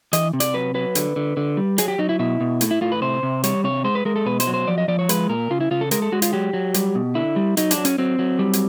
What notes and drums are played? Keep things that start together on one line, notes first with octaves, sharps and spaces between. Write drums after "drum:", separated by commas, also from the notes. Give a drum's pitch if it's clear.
E3 D#5, drum: hi-hat
C3
D5, drum: hi-hat
F#3 B4
F#3 B4
D3, drum: hi-hat
D3
D3
G3
F#3 G#4, drum: hi-hat
G4
F#3 D#4
E4
B2 E4
B2
A2, drum: hi-hat
E4
A2 F4
B4
C3 C5
C3
G3 C#5, drum: hi-hat
C3 C#5
G#3 C5
B4
G#3 A#4
A4
B2 B4
C5, drum: hi-hat
F#3
C5
F3 D5
D#5
F3 D5
C#5
G#3 B4, drum: hi-hat
A#2 A#4
C#3 F4
E4
C#3 F4
A4
G#3 A#4, drum: hi-hat
A4
G#3 F#4
F4, drum: hi-hat
F#3 G4
F#3
G3, drum: hi-hat
B2
D3 E4
G3
F#3 D#4, drum: hi-hat
D4, drum: hi-hat
F#3
C#4, drum: hi-hat
F#3 C4
F#3
G3
drum: hi-hat